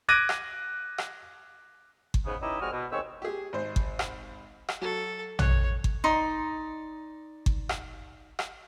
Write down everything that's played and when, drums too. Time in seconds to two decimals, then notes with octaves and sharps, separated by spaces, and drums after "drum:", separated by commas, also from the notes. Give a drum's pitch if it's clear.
0.08 D6 F#6 G#6 A#6 D7 D#7
0.29 drum: rim click
0.98 drum: rim click
2.14 drum: kick G1
2.26 G#2 C#3 B3
2.41 C#4 D#4 E4 G4 B4 D#5
2.60 F2 G3 G#3 F#4 D#6 F6
2.72 B2
2.91 D#2 G#3 C4 C#5 C#6 E6
3.22 G4 G#4
3.53 G#1 C5
3.76 drum: kick G1
3.99 drum: rim click
4.69 drum: rim click
4.81 F#3 A4
5.39 C#5 F#6, drum: tom
5.84 drum: kick G1
6.04 D#4 D5 C6
7.46 drum: kick G1
7.69 drum: rim click
8.39 drum: rim click